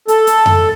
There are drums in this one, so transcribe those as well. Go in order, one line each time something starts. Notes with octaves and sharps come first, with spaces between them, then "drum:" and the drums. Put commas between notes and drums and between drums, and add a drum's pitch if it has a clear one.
A4, drum: hi-hat
drum: hi-hat
drum: tom F2